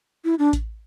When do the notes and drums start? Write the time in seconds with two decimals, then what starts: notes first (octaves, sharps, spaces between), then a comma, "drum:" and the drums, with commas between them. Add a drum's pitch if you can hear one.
0.25 E4
0.39 D4
0.53 drum: kick A1, hi-hat